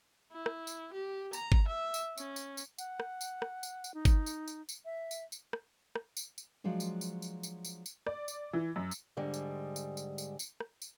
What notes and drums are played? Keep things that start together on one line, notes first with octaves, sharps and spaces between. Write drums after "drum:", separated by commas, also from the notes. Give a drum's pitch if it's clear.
E4
drum: rim click
drum: tambourine
G4
A#5, drum: tambourine
drum: kick G1
E5
drum: tambourine
C#4, drum: tambourine
drum: tambourine
drum: tambourine
F#5, drum: tambourine
drum: rim click
drum: tambourine
drum: rim click
drum: tambourine
drum: tambourine
D#4
drum: kick G1, tambourine
drum: tambourine
drum: tambourine
drum: tambourine
E5
drum: tambourine
drum: tambourine
drum: rim click
drum: rim click
drum: tambourine
drum: tambourine
F3 F#3 G#3 D4
drum: tambourine
drum: tambourine
drum: tambourine
drum: tambourine
drum: tambourine
drum: tambourine
D5, drum: rim click
drum: tambourine
E3
F#2
drum: tambourine
G#2 D3 G3 G#3
drum: tambourine
drum: tambourine
drum: tambourine
drum: tambourine
drum: tambourine
drum: rim click
drum: tambourine